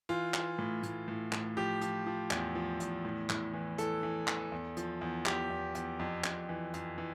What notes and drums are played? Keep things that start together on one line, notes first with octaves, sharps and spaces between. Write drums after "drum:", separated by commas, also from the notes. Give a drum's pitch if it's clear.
E3 F4
E3, drum: clap
A2
A2, drum: hi-hat
A2
A2, drum: clap
F3 G4
F3, drum: hi-hat
F3
E2, drum: clap
F3
E2, drum: hi-hat
A2
A2, drum: clap
E3
E3 A4, drum: hi-hat
E3
E3, drum: clap
E2
F3, drum: hi-hat
E2
E2 G4, drum: clap
E2
E2, drum: hi-hat
F2
F2, drum: clap
E3
F2, drum: hi-hat
E3